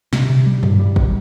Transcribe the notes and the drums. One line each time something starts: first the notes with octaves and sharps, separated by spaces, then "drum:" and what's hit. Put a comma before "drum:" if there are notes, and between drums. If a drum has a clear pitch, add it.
C3, drum: snare
C3
G3
G2, drum: tom G#2
G3
drum: kick